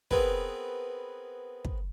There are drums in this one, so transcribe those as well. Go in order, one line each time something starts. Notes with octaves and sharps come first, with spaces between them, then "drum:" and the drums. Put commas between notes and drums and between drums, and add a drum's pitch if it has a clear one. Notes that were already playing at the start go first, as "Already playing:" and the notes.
B3 C4 G#4 A#4 B4, drum: kick
drum: kick